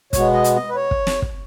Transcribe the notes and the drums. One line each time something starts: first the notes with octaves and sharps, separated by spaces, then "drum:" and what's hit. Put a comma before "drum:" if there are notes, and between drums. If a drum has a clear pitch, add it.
B2 G#3 B3 C#5, drum: kick, hi-hat
D#5
drum: hi-hat
D#5
B4
C#5
drum: kick
drum: snare
drum: kick